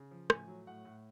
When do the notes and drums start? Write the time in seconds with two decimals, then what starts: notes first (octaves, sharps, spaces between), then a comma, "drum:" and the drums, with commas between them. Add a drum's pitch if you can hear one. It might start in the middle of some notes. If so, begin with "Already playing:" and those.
Already playing: C#3
0.11 F3
0.30 A2 G#5, drum: rim click
0.48 F#3
0.67 A2 F#5
0.85 A2